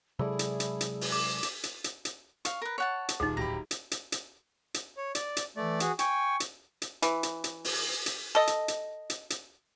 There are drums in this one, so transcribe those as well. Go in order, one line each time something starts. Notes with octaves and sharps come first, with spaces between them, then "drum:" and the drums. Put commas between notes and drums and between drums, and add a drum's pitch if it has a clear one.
C3 F#3 G#3 E4 G#4 A4 D5
drum: hi-hat
drum: hi-hat
drum: hi-hat
drum: open hi-hat
D6
drum: hi-hat
drum: hi-hat
drum: hi-hat
drum: hi-hat
F5 C#6, drum: hi-hat
A#4 B4
C#5 F#5 A5
drum: hi-hat
D#1 D#4 G#4
D1 G4 A#5 B5
drum: hi-hat
drum: hi-hat
drum: hi-hat
drum: hi-hat
C#5
D5, drum: hi-hat
drum: hi-hat
E3 A3 D5
F#4 G#4, drum: hi-hat
G5 G#5 C#6, drum: hi-hat
drum: hi-hat
drum: hi-hat
E3, drum: hi-hat
drum: hi-hat
drum: hi-hat
drum: open hi-hat
drum: hi-hat
A4 D#5
drum: hi-hat
drum: hi-hat
drum: hi-hat
drum: hi-hat